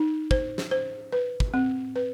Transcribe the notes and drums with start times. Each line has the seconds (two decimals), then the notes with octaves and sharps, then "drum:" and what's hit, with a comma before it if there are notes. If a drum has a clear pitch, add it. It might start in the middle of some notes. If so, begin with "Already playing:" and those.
Already playing: D#4
0.31 C5, drum: kick
0.58 drum: snare
0.71 C5
1.13 B4
1.40 drum: kick
1.54 C4
1.96 B4